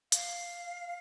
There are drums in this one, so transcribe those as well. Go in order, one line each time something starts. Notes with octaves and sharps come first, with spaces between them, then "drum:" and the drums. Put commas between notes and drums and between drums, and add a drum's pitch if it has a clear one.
F5, drum: hi-hat